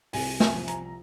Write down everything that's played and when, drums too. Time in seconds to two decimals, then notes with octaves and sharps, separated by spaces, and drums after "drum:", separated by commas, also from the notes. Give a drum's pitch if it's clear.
0.13 C2 G#5, drum: open hi-hat
0.40 G#5, drum: snare
0.55 F3
0.68 A#5, drum: hi-hat